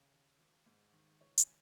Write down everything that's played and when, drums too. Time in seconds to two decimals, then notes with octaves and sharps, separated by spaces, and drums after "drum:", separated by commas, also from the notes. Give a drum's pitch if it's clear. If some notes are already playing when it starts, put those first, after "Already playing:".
Already playing: D#2 C#3
0.12 D#2
0.38 G#1
0.66 G#2
0.93 D#3
1.21 C#2 C#5
1.38 drum: hi-hat